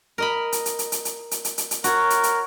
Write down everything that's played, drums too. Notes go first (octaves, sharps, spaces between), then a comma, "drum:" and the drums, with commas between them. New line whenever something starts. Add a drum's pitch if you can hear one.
A#4 D#5 B5
drum: hi-hat
drum: hi-hat
drum: hi-hat
drum: hi-hat
drum: hi-hat
drum: hi-hat
drum: hi-hat
drum: hi-hat
drum: hi-hat
F#4 A#4 C#5, drum: hi-hat
drum: hi-hat
drum: hi-hat